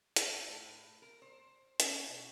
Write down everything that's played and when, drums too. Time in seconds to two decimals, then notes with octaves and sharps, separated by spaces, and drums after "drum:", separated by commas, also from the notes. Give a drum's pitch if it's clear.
0.16 A4, drum: hi-hat
0.49 A2
1.02 A#4
1.22 C5
1.80 C#4, drum: hi-hat
2.08 B2